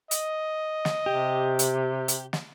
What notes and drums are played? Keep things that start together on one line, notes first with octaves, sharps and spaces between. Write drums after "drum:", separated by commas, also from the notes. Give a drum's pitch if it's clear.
D#5, drum: hi-hat
drum: snare
C3 G4
drum: hi-hat
drum: hi-hat
drum: snare